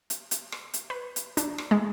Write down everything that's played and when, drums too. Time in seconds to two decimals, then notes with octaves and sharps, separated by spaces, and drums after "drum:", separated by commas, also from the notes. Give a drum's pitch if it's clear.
0.10 drum: hi-hat
0.31 drum: hi-hat
0.52 drum: rim click
0.74 drum: hi-hat
0.90 B4
1.16 drum: hi-hat
1.37 D4, drum: hi-hat
1.58 drum: rim click
1.71 G#3